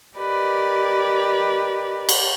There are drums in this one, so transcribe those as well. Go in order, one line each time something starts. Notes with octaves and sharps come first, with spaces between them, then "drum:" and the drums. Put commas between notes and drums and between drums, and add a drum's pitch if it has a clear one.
G4 A#4 B4 D5 D#5
drum: cymbal